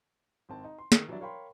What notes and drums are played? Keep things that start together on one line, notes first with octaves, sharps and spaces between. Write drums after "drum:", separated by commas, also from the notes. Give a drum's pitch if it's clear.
G#1 C4 A5
D#4
C6
D#3, drum: snare
E3 F#3 G3 D4 D5 E5
A#4 C#5 F5 G5 B5 C6